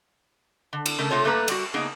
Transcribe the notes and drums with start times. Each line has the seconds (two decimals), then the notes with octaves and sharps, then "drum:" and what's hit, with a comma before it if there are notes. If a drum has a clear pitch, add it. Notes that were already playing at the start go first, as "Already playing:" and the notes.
0.73 D3
0.86 drum: cymbal
0.98 C#3 A3 A#4
1.10 C3 A3 C4 F4 C#5 A5
1.24 G2 A3 A#3 A4 B4 A#5
1.48 G3 F#4, drum: cymbal
1.74 C#3 A#3 B3 D#4 G#4